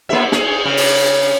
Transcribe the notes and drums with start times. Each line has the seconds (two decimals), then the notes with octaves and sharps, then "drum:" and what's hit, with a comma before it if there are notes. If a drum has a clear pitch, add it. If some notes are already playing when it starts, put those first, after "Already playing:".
0.09 A#3 E5, drum: cymbal
0.32 G#4, drum: snare
0.65 C#3
0.77 drum: open hi-hat